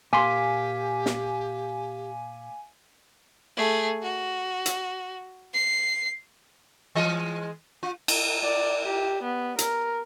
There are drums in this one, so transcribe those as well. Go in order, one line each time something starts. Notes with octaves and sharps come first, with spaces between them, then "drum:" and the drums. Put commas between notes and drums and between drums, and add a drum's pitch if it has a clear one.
A#2 G4 F5 G#5 C6 D6 B6
drum: snare
A3 G#4
F#4
drum: hi-hat
C7
E3 G#3 D#5
F4
drum: cymbal
D5
G4
B3
A#4, drum: hi-hat